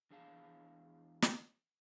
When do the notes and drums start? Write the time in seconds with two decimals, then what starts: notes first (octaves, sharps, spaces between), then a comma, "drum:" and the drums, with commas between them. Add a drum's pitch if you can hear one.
0.11 E2 D4 G#4 F5 A5
1.22 drum: snare